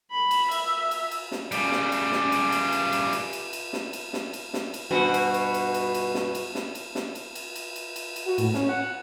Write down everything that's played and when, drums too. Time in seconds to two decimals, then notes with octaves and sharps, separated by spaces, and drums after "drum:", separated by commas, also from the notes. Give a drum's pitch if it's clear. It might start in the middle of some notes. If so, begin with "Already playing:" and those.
0.11 B5
0.31 drum: cymbal
0.51 E5, drum: cymbal
0.91 drum: cymbal
1.11 drum: cymbal
1.31 drum: snare
1.52 C#3 G3, drum: cymbal
1.72 drum: snare
1.92 drum: cymbal
2.12 drum: snare
2.32 drum: cymbal
2.52 drum: cymbal
2.72 drum: cymbal
2.92 drum: cymbal
3.13 drum: cymbal
3.33 drum: cymbal
3.53 drum: cymbal
3.73 drum: snare
3.93 drum: cymbal
4.13 drum: snare
4.33 drum: cymbal
4.54 drum: snare
4.74 drum: cymbal
4.91 G2 B2 F#4
5.14 drum: cymbal
5.34 drum: cymbal
5.54 drum: cymbal
5.74 drum: cymbal
5.94 drum: cymbal
6.15 drum: snare
6.35 drum: cymbal
6.55 drum: snare
6.75 drum: cymbal
6.95 drum: snare
7.15 drum: cymbal
7.35 drum: cymbal
7.56 drum: cymbal
7.76 drum: cymbal
7.96 drum: cymbal
8.16 drum: cymbal
8.26 F#4
8.38 A2, drum: cymbal
8.54 C#4, drum: snare
8.69 F#5